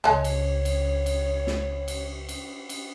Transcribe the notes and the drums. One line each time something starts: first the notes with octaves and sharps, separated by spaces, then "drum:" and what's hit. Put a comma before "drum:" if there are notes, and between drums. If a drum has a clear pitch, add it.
C#2 G#3 A4 C#5
drum: cymbal
drum: cymbal
drum: cymbal
drum: snare
drum: cymbal
drum: cymbal
drum: cymbal